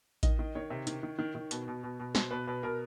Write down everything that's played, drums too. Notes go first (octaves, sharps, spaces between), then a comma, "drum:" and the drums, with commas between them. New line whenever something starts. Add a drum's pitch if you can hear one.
D#3 D#5, drum: kick A1, hi-hat
D#3
D#3 C#5
C3
D#3, drum: hi-hat
D#3
D#3
D#3
B2, drum: hi-hat
B2
B2
B2
B2 C5, drum: snare
B2 B4
B2 B4
B2 A#4